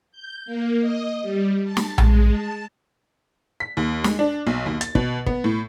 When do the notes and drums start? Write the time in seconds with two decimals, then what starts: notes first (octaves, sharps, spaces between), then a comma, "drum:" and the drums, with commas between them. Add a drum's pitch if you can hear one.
0.12 G6
0.46 A#3
0.80 D#5
1.22 G3
1.64 A5
1.77 drum: snare
1.98 G#3, drum: tom A#1
2.32 A5
3.60 B6
3.77 D#2
4.04 G#3, drum: snare
4.19 D4
4.47 B1
4.66 D#2
4.81 A6, drum: hi-hat
4.95 B2, drum: kick
5.26 B3, drum: kick
5.44 A2